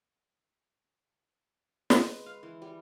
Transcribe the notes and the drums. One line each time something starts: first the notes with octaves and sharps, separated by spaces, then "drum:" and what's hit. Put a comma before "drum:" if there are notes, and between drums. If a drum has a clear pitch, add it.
G#3, drum: snare
B4
F5
E3
G3